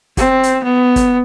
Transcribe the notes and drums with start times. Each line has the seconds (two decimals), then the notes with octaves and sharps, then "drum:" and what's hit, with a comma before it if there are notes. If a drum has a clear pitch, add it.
0.17 C4, drum: kick, hi-hat
0.43 drum: hi-hat
0.64 B3
0.96 drum: kick, hi-hat